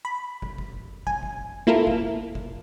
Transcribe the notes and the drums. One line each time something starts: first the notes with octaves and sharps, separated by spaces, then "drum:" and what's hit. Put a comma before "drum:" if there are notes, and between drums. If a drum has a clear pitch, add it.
B5
drum: kick
drum: kick
G#5, drum: kick
drum: kick
A#3 E4 F4 A4 A#4
drum: kick
drum: kick